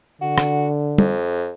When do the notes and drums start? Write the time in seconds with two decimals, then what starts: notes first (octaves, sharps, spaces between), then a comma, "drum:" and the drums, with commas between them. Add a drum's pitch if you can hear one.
0.22 D3 F#4
0.38 drum: rim click
0.98 F2, drum: tom